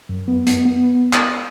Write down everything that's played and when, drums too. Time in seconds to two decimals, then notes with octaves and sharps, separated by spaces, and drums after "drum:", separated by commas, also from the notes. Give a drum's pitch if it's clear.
0.09 F#2
0.28 B3
0.47 B3, drum: hi-hat
0.65 B3
1.13 drum: clap